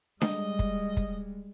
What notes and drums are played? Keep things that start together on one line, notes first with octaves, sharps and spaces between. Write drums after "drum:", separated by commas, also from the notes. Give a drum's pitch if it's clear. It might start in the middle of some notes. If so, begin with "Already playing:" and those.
G3 G#3 D#5, drum: snare D4
drum: kick
drum: kick